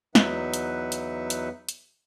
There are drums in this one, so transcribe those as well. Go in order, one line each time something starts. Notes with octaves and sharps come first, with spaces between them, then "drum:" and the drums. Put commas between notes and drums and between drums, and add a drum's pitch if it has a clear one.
E2 F#3 D#4 B4 E5 F#5, drum: snare
drum: hi-hat
drum: hi-hat
drum: hi-hat
drum: hi-hat